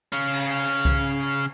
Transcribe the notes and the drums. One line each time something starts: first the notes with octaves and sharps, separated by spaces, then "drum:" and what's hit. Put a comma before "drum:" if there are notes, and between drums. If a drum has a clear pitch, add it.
C#3 C#4
drum: cymbal
drum: kick C2